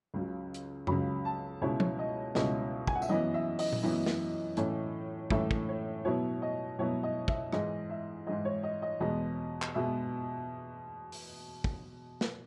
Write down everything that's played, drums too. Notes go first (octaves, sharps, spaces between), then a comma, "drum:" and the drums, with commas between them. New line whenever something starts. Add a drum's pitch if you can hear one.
C#2 C#3 F#3
drum: hi-hat
C#2 C#3 F#3 B5, drum: tom F#2
A5
C#2 B2 G#3 C#4 E4 C#5
C#5, drum: tom F3
D#5
C#2 B2 G#3 C#4 E4 D#5, drum: snare
G#5, drum: kick
F#5
E5, drum: tambourine
F#2 E3 B3 E4 D#5
E5
D#5, drum: open hi-hat
drum: tom A#2
F#2 E3 B3 E4
drum: snare
A2 E3 A3 C#4, drum: hi-hat
A2 E3 A3 C#4 E5, drum: kick
drum: kick
C#5
B2 F#3 B3 E4 C#5
D#5
B2 F#3 B3 E4 C#5
D#5
E5, drum: kick
G#2 E3 G#3 D#5, drum: rim click
E5
G#2 E3 G#3 D#5
C#5
D#5
D#5
E2 B2 G#3 B3 D#5
drum: clap
B2 G#3 B3 E5
drum: open hi-hat
drum: kick
drum: snare